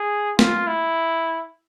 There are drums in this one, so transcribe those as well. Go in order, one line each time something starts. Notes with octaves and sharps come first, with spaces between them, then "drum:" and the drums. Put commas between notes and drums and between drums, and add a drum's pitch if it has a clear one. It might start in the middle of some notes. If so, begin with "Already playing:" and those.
Already playing: G#4
F4, drum: snare
E4